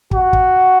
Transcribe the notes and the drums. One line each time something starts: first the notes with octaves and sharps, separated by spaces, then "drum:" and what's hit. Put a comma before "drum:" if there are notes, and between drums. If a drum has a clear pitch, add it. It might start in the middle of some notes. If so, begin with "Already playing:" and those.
F#4, drum: kick
drum: kick